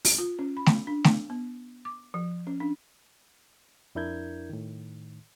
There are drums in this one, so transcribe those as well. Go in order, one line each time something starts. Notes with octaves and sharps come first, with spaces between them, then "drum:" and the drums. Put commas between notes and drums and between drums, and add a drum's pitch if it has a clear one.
drum: open hi-hat
F4
C#4
B5
drum: snare
D4
drum: snare
B3
D6
F3
C#4
D4
F2 D4 E4 A#4 G6 G#6
A2 D#3